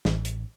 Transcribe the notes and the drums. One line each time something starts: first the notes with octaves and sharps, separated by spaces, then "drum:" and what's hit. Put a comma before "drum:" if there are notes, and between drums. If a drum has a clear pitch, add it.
A1, drum: snare
drum: hi-hat